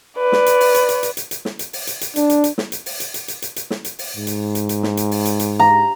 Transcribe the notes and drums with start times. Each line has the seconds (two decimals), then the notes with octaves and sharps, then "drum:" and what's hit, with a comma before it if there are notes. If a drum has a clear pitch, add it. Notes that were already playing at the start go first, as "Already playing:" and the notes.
0.18 B4 D5
0.32 drum: snare
0.46 drum: hi-hat
0.61 drum: open hi-hat
0.75 drum: hi-hat
0.89 drum: hi-hat
1.03 drum: hi-hat
1.17 drum: hi-hat
1.31 drum: hi-hat
1.45 drum: snare
1.59 drum: hi-hat
1.73 drum: open hi-hat
1.87 drum: hi-hat
2.01 drum: hi-hat
2.16 D4, drum: hi-hat
2.30 drum: hi-hat
2.44 drum: hi-hat
2.58 drum: snare
2.72 drum: hi-hat
2.86 drum: open hi-hat
3.00 drum: hi-hat
3.14 drum: hi-hat
3.28 drum: hi-hat
3.42 drum: hi-hat
3.56 drum: hi-hat
3.70 drum: snare
3.85 drum: hi-hat
3.99 drum: open hi-hat
4.17 G#2
4.27 drum: hi-hat
4.55 drum: hi-hat
4.69 drum: hi-hat
4.83 drum: snare
4.97 drum: hi-hat
5.11 drum: open hi-hat
5.25 drum: hi-hat
5.40 drum: hi-hat
5.60 A#5